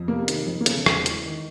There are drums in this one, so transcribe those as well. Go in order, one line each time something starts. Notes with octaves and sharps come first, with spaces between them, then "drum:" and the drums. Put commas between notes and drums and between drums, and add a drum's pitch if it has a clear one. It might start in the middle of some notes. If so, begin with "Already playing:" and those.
Already playing: F2
C3 A#3
D#3, drum: hi-hat
F2
A#3
C#3 A3, drum: hi-hat
E1, drum: rim click
E3, drum: hi-hat
D#3